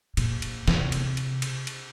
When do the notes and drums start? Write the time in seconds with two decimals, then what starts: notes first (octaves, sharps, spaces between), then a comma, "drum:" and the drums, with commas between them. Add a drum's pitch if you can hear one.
0.17 A#2, drum: cymbal
0.42 drum: cymbal
0.68 C3, drum: snare
0.92 drum: cymbal
1.17 drum: cymbal
1.42 drum: cymbal
1.67 drum: cymbal